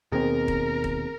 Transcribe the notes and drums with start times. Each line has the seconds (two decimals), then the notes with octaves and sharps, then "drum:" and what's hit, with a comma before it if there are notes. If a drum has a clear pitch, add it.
0.12 D#2 B2 C4 G#4 A#4 A#5
0.48 drum: kick D#1
0.84 drum: kick D#1